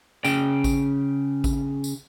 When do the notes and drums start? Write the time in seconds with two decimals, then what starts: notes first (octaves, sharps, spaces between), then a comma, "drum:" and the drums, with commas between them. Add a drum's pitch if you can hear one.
0.24 C#3 G5, drum: tambourine
0.64 drum: kick G#1, tambourine
1.44 drum: kick G#1, tambourine
1.84 drum: tambourine